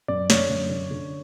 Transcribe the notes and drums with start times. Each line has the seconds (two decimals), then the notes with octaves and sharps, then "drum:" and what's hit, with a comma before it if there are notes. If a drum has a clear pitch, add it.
0.08 F#2 D5
0.30 D3 C#5, drum: snare
0.49 F#2
0.70 D3
0.91 D3